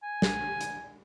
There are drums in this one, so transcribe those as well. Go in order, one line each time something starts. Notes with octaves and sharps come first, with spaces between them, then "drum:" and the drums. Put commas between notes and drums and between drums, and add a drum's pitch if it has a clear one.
G#5
drum: snare
drum: hi-hat